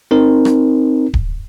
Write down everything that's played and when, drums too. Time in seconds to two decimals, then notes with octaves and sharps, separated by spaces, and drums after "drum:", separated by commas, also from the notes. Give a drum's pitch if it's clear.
0.11 C4 D#4 A#4
0.45 drum: rim click
1.14 drum: kick D1